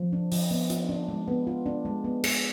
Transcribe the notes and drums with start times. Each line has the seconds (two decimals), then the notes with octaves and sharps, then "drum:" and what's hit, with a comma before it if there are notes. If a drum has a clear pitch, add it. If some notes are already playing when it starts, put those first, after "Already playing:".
Already playing: F3
0.13 D4
0.32 F3, drum: open hi-hat
0.51 B3
0.70 F4, drum: hi-hat
0.89 D4
1.08 G#3
1.28 B3
1.47 F4
1.66 D4
1.85 G#3
2.04 B3
2.24 G#4, drum: cymbal